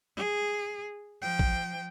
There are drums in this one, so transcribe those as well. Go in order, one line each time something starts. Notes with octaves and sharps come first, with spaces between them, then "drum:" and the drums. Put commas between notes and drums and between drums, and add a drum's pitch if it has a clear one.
G#4
F3 G5
drum: kick A#1